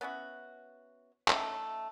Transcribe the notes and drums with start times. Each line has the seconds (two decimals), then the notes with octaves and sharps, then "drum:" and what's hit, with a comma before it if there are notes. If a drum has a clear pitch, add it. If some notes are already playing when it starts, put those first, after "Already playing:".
0.01 B3 C#4 E4 F#4
1.28 A3 C#4 D#4 E4, drum: clap